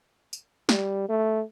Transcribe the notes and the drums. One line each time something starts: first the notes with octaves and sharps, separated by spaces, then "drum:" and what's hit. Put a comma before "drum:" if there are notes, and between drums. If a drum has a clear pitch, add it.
drum: tambourine
G3, drum: snare
A3